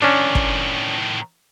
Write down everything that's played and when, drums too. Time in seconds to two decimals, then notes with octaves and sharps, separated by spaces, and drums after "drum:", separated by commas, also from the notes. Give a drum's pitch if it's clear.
0.02 A2 D#3 C#4 D4
0.35 drum: kick